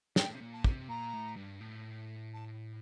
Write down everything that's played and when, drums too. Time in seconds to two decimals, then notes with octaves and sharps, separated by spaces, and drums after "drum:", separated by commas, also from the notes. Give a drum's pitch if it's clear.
0.16 A2 G5, drum: snare
0.35 C3
0.41 A#2
0.52 A5
0.64 C3, drum: kick
0.88 A#2 A#5
1.13 A2
1.36 G2
1.61 A2
2.33 A5